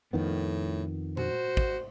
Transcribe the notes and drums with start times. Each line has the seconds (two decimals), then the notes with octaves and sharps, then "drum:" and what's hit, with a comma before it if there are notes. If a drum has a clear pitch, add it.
0.13 F2 A2 D#3 B3
1.17 F#4 C5, drum: tom A#2
1.57 drum: kick